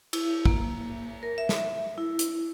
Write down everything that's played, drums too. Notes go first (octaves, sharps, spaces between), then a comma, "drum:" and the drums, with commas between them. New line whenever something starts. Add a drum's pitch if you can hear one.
E4, drum: cymbal
A#3, drum: kick
A#4
E5
drum: snare
E4
drum: hi-hat